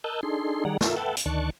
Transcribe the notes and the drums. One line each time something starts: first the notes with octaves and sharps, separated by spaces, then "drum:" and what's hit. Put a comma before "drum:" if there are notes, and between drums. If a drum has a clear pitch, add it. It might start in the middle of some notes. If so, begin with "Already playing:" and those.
A#4 D#5 A5 E6 F#6 G6
D4 D#4 G#4 A4 C6
D#3 G3 G#4 D5 F#5 A#5
F4 A4 A#4 E5, drum: snare
A4 B4 E5 F#5 G5 A5
drum: hi-hat
D2 D#3 D5 A5 C#6 F#6